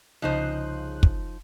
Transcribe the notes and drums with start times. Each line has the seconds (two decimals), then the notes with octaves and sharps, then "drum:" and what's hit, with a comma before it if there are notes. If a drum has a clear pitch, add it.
0.22 C2 C#3 F3 D#4 C5 F#6
1.03 drum: kick